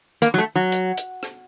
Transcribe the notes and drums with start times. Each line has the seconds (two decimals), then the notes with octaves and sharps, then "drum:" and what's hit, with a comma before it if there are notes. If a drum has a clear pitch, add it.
0.22 A#3, drum: hi-hat
0.34 F#3
0.38 A3
0.55 F#3
0.72 drum: hi-hat
0.98 drum: hi-hat
1.23 drum: rim click